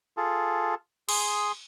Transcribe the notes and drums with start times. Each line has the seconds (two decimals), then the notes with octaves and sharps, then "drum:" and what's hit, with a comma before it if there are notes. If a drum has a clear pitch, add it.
0.17 F4 G#4 A4
1.09 G#4 C6 D#6, drum: cymbal